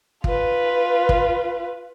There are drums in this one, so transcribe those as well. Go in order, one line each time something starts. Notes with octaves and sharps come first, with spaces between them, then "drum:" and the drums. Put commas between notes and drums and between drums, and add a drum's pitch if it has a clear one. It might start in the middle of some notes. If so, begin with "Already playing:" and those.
F4 B4, drum: kick
drum: kick